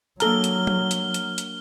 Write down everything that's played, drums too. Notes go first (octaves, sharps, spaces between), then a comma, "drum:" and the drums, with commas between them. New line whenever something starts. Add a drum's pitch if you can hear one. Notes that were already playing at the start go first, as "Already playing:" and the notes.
F#3 A#3 D4 A4 A#5 F6 G7, drum: hi-hat
drum: hi-hat
drum: tom
drum: hi-hat
drum: hi-hat
drum: hi-hat